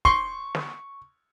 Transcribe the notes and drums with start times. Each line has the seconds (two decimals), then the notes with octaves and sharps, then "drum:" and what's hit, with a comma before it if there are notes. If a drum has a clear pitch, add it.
0.05 C6 C#6, drum: kick
0.55 drum: snare